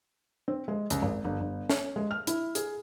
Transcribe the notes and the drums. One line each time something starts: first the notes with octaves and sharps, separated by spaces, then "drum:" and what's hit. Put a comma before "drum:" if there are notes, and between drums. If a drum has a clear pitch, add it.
C4
G#3
C#2, drum: hi-hat
G#1
G1
G1
C#4, drum: snare
G#3
F6
E4, drum: hi-hat
G#4, drum: hi-hat